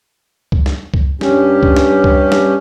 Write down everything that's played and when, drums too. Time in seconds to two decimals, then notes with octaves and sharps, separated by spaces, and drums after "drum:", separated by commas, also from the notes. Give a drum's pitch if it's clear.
0.52 drum: kick C#2
0.66 drum: snare
0.94 drum: kick C#2
1.21 G2 C#4 G4, drum: snare
1.63 drum: kick C#2
1.77 drum: snare
2.04 drum: kick C#2
2.32 drum: snare